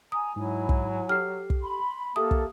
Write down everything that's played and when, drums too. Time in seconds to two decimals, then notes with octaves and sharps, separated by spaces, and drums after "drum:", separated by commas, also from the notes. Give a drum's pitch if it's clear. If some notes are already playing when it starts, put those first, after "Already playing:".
0.12 G#5 A#5 D#6
0.36 G#2 F#3 D#4 E4 G#5
0.69 drum: kick
1.09 G4 A4 F6 C7
1.50 drum: kick
1.61 B5 C6
2.16 A#3 G4 A4 E5 A5 D#6
2.31 drum: kick